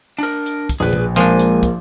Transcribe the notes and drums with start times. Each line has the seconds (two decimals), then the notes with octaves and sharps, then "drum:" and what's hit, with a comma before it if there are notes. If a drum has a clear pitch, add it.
0.19 D4 A#4
0.46 drum: hi-hat
0.69 drum: kick, hi-hat
0.80 A#1 G#4 B4
0.93 drum: tom B2
1.16 F3 G#3 A#3 D4 G#5, drum: hi-hat
1.39 drum: hi-hat
1.63 drum: kick, hi-hat